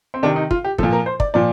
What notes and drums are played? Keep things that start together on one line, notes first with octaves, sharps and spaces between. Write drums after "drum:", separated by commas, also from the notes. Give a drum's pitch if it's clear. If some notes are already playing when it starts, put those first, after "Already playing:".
C4
C3 D#3 D4
D#4
F4, drum: kick
G4
A#2 F3 A4, drum: kick
A#4
C5
D5, drum: kick
A#2 F3 D5